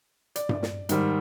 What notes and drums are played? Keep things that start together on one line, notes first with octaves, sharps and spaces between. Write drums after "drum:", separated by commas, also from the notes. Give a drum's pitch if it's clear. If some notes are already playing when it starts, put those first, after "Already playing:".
D5, drum: hi-hat
drum: tom G2
drum: snare
G#2 D#3 G3, drum: hi-hat